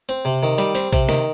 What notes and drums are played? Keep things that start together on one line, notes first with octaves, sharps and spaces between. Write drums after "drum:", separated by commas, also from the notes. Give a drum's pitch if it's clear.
C4
C3
D#3
G3, drum: hi-hat
C4, drum: hi-hat
C3, drum: kick A#1, hi-hat
D#3, drum: snare